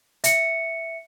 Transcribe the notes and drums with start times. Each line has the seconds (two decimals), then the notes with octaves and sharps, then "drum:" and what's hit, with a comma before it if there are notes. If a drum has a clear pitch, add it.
0.24 E5 C#7, drum: hi-hat